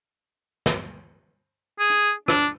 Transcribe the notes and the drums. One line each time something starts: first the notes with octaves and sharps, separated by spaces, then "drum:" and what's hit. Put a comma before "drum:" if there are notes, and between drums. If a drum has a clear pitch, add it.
drum: snare
G#4
drum: hi-hat
D4, drum: rim click